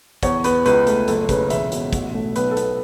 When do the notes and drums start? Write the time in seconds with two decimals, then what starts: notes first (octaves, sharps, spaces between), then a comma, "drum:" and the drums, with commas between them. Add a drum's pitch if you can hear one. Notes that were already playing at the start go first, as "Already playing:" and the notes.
0.23 E2 C#5, drum: kick, hi-hat
0.44 B3 B4, drum: hi-hat
0.66 C#2 B4, drum: hi-hat
0.87 A3, drum: hi-hat
1.08 F#1 A4, drum: hi-hat
1.29 C#3 B4, drum: kick, hi-hat
1.50 E1 E5, drum: hi-hat
1.72 B2, drum: hi-hat
1.93 A1, drum: kick, hi-hat
2.14 A3
2.36 B1 B4, drum: hi-hat
2.51 A4
2.57 B3 B4, drum: hi-hat